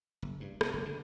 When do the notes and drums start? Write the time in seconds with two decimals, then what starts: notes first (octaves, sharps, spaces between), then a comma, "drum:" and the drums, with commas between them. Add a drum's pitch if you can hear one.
0.22 F#1
0.40 G2
0.61 C3, drum: rim click
0.74 F#1
0.85 D3